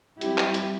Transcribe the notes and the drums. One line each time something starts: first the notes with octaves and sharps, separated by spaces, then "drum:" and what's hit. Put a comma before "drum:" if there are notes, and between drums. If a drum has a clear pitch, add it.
G3 C4 E4 G4, drum: hi-hat
drum: clap
drum: hi-hat